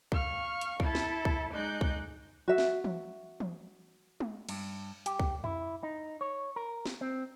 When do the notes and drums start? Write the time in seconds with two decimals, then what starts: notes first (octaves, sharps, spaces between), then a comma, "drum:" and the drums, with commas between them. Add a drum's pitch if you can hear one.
0.12 F5 C#6 F6, drum: kick C2
0.61 drum: hi-hat
0.80 E4 A4 A5, drum: kick C2
0.95 drum: snare
1.25 drum: kick C2
1.52 G#3 D#4 D5 F#6 G6
1.81 drum: kick C2
2.48 F#4 E5
2.58 drum: snare
2.84 drum: tom E3
3.40 drum: tom E3
4.20 drum: tom G#3
4.49 G2, drum: cymbal
5.06 G4, drum: hi-hat
5.19 drum: kick C2
5.44 E4, drum: tom F2
5.83 D#4
6.21 C#5
6.56 A#4
6.86 drum: snare
7.01 C4